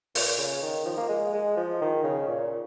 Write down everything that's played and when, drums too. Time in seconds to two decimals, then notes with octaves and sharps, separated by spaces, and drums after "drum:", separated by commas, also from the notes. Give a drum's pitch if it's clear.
0.15 A#2, drum: open hi-hat
0.38 C#3
0.62 D#3
0.86 F3
0.98 A#3
1.09 G#3
1.34 G#3
1.57 F3
1.81 D#3
2.04 C#3
2.28 A#2